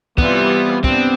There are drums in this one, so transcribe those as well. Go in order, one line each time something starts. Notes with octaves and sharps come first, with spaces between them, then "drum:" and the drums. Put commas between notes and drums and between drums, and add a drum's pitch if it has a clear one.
E3 G3 B3 C4 F4, drum: kick
B3 C4 D4, drum: kick